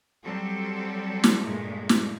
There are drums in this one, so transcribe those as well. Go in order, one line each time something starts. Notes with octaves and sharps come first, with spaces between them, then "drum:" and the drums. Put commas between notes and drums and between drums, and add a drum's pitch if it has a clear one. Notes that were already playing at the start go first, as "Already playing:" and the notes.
F#3 G3 C4 A4
drum: snare
G2 A#2 G#3 A3
drum: snare